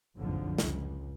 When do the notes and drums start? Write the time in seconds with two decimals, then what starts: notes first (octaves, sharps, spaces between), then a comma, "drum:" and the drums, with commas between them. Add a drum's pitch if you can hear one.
0.15 F#1 B1 F2 A2 D3 F3
0.58 C#2, drum: snare